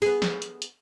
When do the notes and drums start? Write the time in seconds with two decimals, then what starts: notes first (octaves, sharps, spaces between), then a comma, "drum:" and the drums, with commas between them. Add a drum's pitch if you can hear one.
0.02 B3 G#4, drum: open hi-hat
0.22 drum: snare
0.42 drum: hi-hat
0.62 drum: hi-hat